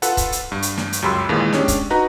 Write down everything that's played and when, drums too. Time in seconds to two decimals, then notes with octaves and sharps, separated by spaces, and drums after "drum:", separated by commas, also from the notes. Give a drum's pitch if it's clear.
0.02 F4 A4 B4 F#5, drum: hi-hat
0.17 drum: kick C#1, hi-hat
0.32 drum: hi-hat
0.52 G2
0.62 drum: hi-hat
0.78 drum: snare
0.93 drum: hi-hat
1.02 C#2 F#2 G4 B5 C6 E6
1.29 D#2 A#2 D#3 E3 G#3
1.52 G#3 C#4 D4 G4, drum: snare
1.68 drum: kick C#1, hi-hat
1.90 D#4 F#4 B4 A#5